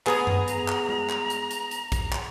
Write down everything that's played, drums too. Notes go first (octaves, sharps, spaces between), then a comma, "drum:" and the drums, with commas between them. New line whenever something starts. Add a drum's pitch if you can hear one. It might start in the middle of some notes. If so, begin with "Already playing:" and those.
B3 G#4 A#5, drum: clap
drum: tom F#2
drum: hi-hat
drum: clap
drum: tom G#3
drum: clap
drum: hi-hat
drum: hi-hat
drum: hi-hat
drum: kick A#1, hi-hat
drum: clap